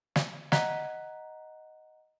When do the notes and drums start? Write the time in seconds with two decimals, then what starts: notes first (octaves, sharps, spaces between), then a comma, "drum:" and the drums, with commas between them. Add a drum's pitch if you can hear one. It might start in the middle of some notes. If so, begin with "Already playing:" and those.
0.16 drum: snare
0.52 D#5 F#5 A#5 F#6, drum: snare